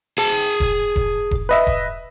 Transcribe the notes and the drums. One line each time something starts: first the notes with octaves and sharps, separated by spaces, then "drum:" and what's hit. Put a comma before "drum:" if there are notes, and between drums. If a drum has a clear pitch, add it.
G#4 A5
drum: kick E1
drum: kick E1
drum: kick E1
B4 D#5 E5
drum: kick E1